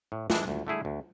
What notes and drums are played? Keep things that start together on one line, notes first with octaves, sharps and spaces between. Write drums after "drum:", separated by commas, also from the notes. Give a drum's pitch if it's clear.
A2
E3 G#3 D4, drum: snare
D2
D3 A3 E4 G#4
D2